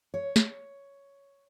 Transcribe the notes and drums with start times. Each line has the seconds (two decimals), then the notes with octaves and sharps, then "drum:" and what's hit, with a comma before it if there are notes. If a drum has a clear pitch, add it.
0.14 C#5
0.36 drum: snare